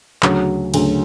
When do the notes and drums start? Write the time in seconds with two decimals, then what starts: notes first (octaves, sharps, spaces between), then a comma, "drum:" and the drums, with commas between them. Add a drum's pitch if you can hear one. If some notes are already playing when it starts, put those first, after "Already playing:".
0.22 D2 C#3 F#3, drum: clap
0.74 D2 C#3 F#3, drum: cymbal